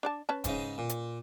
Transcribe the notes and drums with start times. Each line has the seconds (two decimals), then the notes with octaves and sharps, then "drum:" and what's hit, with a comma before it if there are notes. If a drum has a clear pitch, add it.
0.03 D4 D5 A5
0.29 C#4 B4 A5
0.44 G#2 C#3 D#4, drum: kick E1, hi-hat
0.78 A#2
0.89 drum: hi-hat